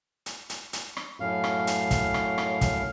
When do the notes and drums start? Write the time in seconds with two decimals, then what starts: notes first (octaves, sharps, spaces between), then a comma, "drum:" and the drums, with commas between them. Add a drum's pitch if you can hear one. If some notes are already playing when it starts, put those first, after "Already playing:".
0.26 drum: hi-hat
0.50 drum: hi-hat
0.73 drum: hi-hat
0.97 drum: rim click
1.20 F#2 A2 F5
1.44 drum: rim click
1.67 drum: hi-hat
1.91 drum: kick, hi-hat
2.14 drum: rim click
2.38 drum: rim click
2.61 drum: kick, hi-hat